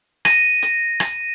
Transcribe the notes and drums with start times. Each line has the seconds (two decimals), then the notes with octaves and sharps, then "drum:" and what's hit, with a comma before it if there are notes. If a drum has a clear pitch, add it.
0.25 A#6 D#7, drum: rim click
0.62 drum: hi-hat
1.00 drum: rim click